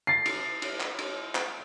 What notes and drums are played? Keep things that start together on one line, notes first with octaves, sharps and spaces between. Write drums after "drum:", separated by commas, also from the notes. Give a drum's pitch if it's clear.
A6 C7
drum: cymbal
drum: cymbal
drum: clap
drum: cymbal
drum: clap